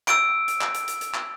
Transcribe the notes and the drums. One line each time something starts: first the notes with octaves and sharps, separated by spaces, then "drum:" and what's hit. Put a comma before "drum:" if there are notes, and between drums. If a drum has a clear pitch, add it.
E6 D7, drum: clap
drum: hi-hat
drum: clap
drum: hi-hat
drum: hi-hat
drum: hi-hat
drum: clap